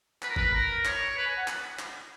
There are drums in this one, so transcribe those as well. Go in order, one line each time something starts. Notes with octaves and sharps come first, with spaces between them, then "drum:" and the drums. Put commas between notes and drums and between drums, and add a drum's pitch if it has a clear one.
B4, drum: clap
A#4
B4, drum: kick
A#4
C#5, drum: clap
B4
G#5
F#5
drum: clap
drum: clap